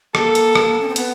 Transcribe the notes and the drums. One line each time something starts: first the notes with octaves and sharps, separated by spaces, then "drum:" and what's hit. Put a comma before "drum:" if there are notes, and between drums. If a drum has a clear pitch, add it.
A#3 A4, drum: rim click
drum: hi-hat
drum: rim click
C#4
C4
B3, drum: hi-hat